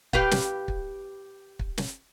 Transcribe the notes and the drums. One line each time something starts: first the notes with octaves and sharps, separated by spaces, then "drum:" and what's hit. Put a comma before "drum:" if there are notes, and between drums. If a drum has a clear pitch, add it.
G4 B4 F5, drum: kick
drum: snare
drum: kick
drum: kick
drum: snare